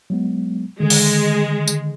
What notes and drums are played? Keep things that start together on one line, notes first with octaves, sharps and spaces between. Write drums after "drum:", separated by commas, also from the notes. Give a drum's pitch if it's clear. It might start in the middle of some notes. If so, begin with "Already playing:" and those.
F#3 G#3 B3
D3 D#3 G#3
drum: open hi-hat
drum: tambourine